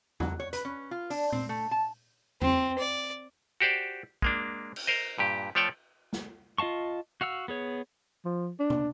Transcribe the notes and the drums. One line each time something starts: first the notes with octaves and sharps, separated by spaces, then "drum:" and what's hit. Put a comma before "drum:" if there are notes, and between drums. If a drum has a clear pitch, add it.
F#3, drum: tom E2
C#5
B4, drum: hi-hat
C#4
F4
D4, drum: open hi-hat
C4, drum: tom A#2
A3
A5
C4, drum: tom E2
D5
F#4 G4 C5 D5
G#3 A#3 D4, drum: kick
drum: cymbal
A#4 C5 D#5
G2 A#2 G4
F3 A3 C#5 D5 G5 A5
drum: snare
F4 D#5 F5 A5 C#6
F#4 F5 F#5 E6
B3 G#4 C#5
F3
D4
drum: tom